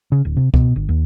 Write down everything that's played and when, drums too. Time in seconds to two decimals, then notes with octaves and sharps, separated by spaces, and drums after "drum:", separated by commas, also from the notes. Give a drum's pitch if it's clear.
0.12 C#3
0.25 D1
0.37 C3
0.54 B2, drum: kick
0.76 G1
0.89 D#2